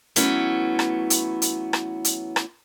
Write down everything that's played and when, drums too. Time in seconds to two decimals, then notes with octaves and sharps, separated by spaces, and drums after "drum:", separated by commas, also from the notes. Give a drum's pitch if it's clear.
0.16 E3 F#3 A3 B3 C#4, drum: hi-hat
0.79 drum: rim click
1.10 drum: hi-hat
1.42 drum: hi-hat
1.73 drum: rim click
2.05 drum: hi-hat
2.36 drum: rim click